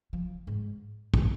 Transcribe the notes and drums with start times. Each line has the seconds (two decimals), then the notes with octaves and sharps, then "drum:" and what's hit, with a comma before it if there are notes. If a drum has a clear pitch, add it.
0.13 F3
0.47 G#2
1.14 B2, drum: kick
1.17 A#2